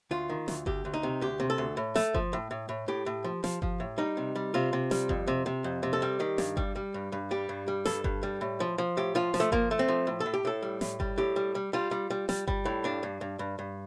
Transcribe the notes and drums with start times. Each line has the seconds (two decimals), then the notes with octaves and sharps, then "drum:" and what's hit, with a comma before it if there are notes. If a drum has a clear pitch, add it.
0.11 D2 F4
0.30 D#3
0.48 D2, drum: snare
0.66 D2 G4, drum: kick G1
0.85 D2
0.94 D#4
1.03 C3
1.21 D2 G4
1.40 C3
1.50 A4
1.58 D2
1.77 A2
1.95 A3, drum: snare
2.14 F3, drum: kick G1
2.33 A2
2.51 A2
2.69 A2
2.88 A2 G4
3.06 A2
3.24 F3
3.44 F3, drum: snare
3.62 F3, drum: kick G1
3.80 A2
3.98 G3 D#4
4.17 C3
4.36 G3
4.54 C3 F4
4.73 C3
4.91 G3, drum: snare
5.09 F2, drum: kick G1
5.28 C3
5.46 C3
5.64 F2
5.83 C3
5.93 A4
6.02 G3
6.20 D#3 G4
6.38 G2, drum: snare
6.57 G3, drum: kick G1
6.76 G3
6.94 G2
7.12 G2
7.31 G3 G4
7.49 G2
7.68 G3
7.85 G2 A4, drum: snare
8.04 G2, drum: kick G1
8.23 G3
8.41 A2
8.60 F3
8.78 F3
8.97 A2 G4
9.15 F3 F4
9.34 F3, drum: snare
9.40 A3
9.52 F3 A#3, drum: kick G1
9.71 A3
9.79 C4
9.88 F3
10.07 A2
10.20 A4
10.26 A2
10.34 G4
10.45 A2 A4
10.62 G3
10.81 A2, drum: snare
11.00 G3, drum: kick G1
11.18 A2 G4
11.36 G3
11.55 G3
11.73 G3 F4
11.91 G3
12.10 G3
12.29 G3, drum: snare
12.48 G3, drum: kick G1
12.65 A2
12.84 G2 D4
13.03 G2
13.21 G2
13.39 G2
13.59 G2